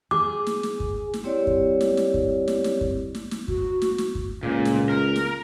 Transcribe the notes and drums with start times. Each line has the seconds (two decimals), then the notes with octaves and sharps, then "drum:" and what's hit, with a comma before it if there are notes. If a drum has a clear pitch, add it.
0.11 G#4 D6
0.47 drum: snare
0.63 drum: snare
0.80 drum: kick
1.14 drum: snare
1.24 G3 C4 E4 G4 C#5 D5
1.47 drum: kick
1.81 drum: snare
1.97 drum: snare
2.14 drum: kick
2.48 drum: snare
2.64 drum: snare
2.81 drum: kick
3.15 drum: snare
3.31 drum: snare
3.48 F#4, drum: kick
3.82 drum: snare
3.98 drum: snare
4.15 drum: kick
4.43 C#2 A#2
4.65 drum: snare
4.89 A#4
5.16 drum: snare